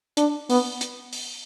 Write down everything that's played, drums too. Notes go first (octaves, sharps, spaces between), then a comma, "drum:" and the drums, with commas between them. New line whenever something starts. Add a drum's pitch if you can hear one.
D4, drum: hi-hat
B3, drum: open hi-hat
drum: hi-hat
drum: open hi-hat